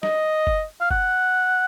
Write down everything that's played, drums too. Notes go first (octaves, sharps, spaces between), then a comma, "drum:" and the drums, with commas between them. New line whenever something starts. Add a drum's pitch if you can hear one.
D#5, drum: snare
drum: kick F#1
F5
F#5, drum: kick F#1